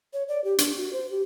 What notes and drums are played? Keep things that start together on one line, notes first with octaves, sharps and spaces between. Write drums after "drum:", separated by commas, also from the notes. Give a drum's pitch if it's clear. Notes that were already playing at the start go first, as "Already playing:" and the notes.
C#5
D5
G4
D4, drum: hi-hat
F#4
C5
G4